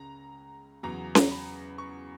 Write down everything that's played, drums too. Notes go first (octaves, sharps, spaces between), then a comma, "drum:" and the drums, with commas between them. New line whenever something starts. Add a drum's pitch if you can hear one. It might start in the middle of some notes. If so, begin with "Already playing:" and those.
Already playing: C#2 C#3 A#5
E2 C#3 F#3 A#5
drum: snare C#4
B5
C#6